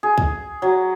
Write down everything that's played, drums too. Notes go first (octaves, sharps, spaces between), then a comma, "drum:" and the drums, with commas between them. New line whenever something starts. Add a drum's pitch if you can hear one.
G#4
drum: kick
F#3